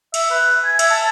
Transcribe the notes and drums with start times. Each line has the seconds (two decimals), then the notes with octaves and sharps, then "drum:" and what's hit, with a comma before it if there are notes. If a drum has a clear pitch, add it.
0.14 E5, drum: cymbal
0.31 B4
0.64 G#5
0.79 E5, drum: cymbal
0.91 A5